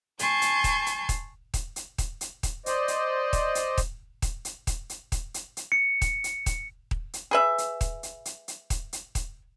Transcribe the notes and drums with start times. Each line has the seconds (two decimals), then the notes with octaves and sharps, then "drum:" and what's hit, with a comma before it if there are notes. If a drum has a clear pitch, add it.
0.19 G#5 A5 C6 C#6 G6 G#6, drum: hi-hat
0.42 drum: hi-hat
0.64 drum: kick D#1, hi-hat
0.86 drum: hi-hat
1.09 drum: kick D#1, hi-hat
1.54 drum: kick D#1, hi-hat
1.76 drum: hi-hat
1.98 drum: kick D#1, hi-hat
2.21 drum: hi-hat
2.43 drum: kick D#1, hi-hat
2.66 C5 D5 D#5, drum: hi-hat
2.88 drum: hi-hat
3.33 drum: kick D#1, hi-hat
3.55 drum: hi-hat
3.78 drum: kick D#1, hi-hat
4.22 drum: kick D#1, hi-hat
4.45 drum: hi-hat
4.67 drum: kick D#1, hi-hat
4.90 drum: hi-hat
5.12 drum: kick D#1, hi-hat
5.34 drum: hi-hat
5.57 drum: hi-hat
5.72 C#7
6.02 drum: kick D#1, hi-hat
6.24 drum: hi-hat
6.46 drum: kick D#1, hi-hat
6.91 drum: kick D#1
7.13 drum: hi-hat
7.31 G#4 B4 E5
7.58 drum: hi-hat
7.81 drum: kick D#1, hi-hat
8.03 drum: hi-hat
8.25 drum: hi-hat
8.48 drum: hi-hat
8.70 drum: kick D#1, hi-hat
8.93 drum: hi-hat
9.15 drum: kick D#1, hi-hat